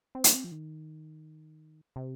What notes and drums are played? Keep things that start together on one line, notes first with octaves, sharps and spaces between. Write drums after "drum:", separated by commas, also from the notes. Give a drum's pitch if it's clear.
C4
A#3, drum: hi-hat
C4
F3
D#3
C3